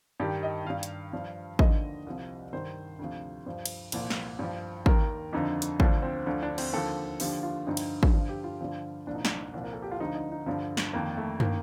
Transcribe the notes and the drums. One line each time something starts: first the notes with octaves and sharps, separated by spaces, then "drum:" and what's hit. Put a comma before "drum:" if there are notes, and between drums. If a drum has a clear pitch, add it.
G2 D#3 G4
D#5
G2 D#3 F5
drum: hi-hat
G2 F3
D#2 D3 F3 D#5, drum: kick
C2 C3 F3
G2 D#3 C5
D2 C3 F3
G2 F3 C5
drum: cymbal
C2 A#2 F3, drum: cymbal
drum: snare
G2 F3
D#2 D#3 A#4, drum: kick
F2 D3 F3 D#4
drum: hi-hat
D2 D3 F3 D4, drum: kick
C4
D2 D3 F3 D4
D4
C4, drum: cymbal
D#2 D3 F3 A4
D#2 D3 F3 G4, drum: open hi-hat
F4
G2 D3 F3 D#4
drum: cymbal
drum: kick
G2 D3 F3 F4
G4
F4
G2 D3 F3
C2 A#2 F3 D4
D#4
D4, drum: snare
C2 A#2 F3
A#4
A4
G4
F4
D2 D3 F3 D#4
D#4
D#4
G2 D3 F3
drum: snare
F2 D#3 A#3
A3
D#3 A#3, drum: tom